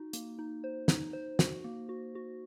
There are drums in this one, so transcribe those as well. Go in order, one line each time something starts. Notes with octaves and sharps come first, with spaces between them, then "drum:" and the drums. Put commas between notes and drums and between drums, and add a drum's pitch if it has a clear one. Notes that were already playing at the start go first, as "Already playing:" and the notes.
Already playing: D#4 F#4
A#3, drum: hi-hat
D#4
C5
D#4, drum: snare
C5
F#4, drum: snare
A#3
F#4
F#4